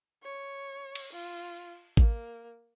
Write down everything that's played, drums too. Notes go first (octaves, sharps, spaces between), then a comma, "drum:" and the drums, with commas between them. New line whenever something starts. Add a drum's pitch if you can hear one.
C#5
drum: cymbal
F4
A#3, drum: kick A1